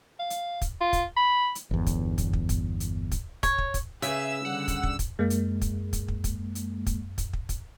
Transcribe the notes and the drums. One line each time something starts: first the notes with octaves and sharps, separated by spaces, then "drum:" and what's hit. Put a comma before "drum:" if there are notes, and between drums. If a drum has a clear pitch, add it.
F5
drum: hi-hat
drum: kick, hi-hat
F4
drum: kick, hi-hat
B5
drum: hi-hat
G1 E2
drum: kick, hi-hat
drum: kick, hi-hat
drum: kick
drum: kick, hi-hat
drum: hi-hat
drum: kick, hi-hat
C#5, drum: kick, hi-hat
drum: kick
drum: kick, hi-hat
C#3 G#4 B4 E5 E6, drum: hi-hat
D3 G3 F#5
drum: kick, hi-hat
drum: kick
drum: kick, hi-hat
F#2 G#3 A#3
drum: hi-hat
drum: kick, hi-hat
drum: kick, hi-hat
drum: kick
drum: kick, hi-hat
drum: hi-hat
drum: kick, hi-hat
drum: kick, hi-hat
drum: kick
drum: kick, hi-hat